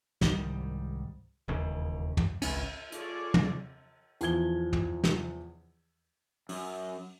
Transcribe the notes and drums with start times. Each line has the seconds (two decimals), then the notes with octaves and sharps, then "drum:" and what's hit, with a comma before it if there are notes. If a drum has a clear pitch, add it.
0.21 C2 G#2 D#3 G3, drum: snare
1.48 E1 D#2 C#3
2.17 drum: tom
2.42 G#1 C#2 C#4, drum: cymbal
2.92 F4 G#4 A4 C#5 D5, drum: hi-hat
3.34 drum: tom
4.21 E2 F3 G#6 G7, drum: hi-hat
4.73 drum: tom
5.04 drum: snare
6.49 F#2, drum: open hi-hat